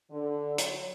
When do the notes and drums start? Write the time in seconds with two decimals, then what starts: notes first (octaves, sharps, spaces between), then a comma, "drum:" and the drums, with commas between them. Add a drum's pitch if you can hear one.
0.11 D3
0.58 F#3, drum: hi-hat